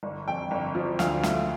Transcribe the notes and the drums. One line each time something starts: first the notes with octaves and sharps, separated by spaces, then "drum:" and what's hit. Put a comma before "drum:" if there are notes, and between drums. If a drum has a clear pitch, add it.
G1
F2 G5
G1
F3
D2 F5, drum: snare
A3, drum: snare